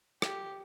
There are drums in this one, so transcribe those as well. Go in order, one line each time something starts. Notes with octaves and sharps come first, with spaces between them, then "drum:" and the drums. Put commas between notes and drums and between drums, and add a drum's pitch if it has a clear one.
G4, drum: rim click